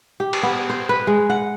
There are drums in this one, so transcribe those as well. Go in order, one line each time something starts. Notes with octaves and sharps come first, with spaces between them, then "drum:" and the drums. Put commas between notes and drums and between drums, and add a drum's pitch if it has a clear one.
G4
drum: cymbal
B3
C5
B4
G#3
F#5